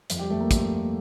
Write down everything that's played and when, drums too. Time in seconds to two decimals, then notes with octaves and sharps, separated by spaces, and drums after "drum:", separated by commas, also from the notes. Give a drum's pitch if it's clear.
0.10 F2, drum: hi-hat
0.19 G3 G4
0.30 F2 A3 A4
0.40 A#3 A#4
0.51 drum: kick, hi-hat